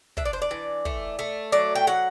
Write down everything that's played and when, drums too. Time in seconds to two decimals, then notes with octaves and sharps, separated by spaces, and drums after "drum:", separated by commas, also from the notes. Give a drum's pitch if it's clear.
0.17 D4 E5, drum: kick
0.25 D5
0.33 C5
0.42 D5
0.51 E3
0.85 A3, drum: kick
1.19 A3
1.52 F#3 D5
1.75 G5
1.87 F#3 F#5